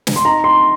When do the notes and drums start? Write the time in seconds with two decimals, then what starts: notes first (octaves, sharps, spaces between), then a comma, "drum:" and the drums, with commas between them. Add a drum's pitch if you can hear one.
0.07 drum: snare
0.16 C6
0.25 D#4 A#5
0.44 C6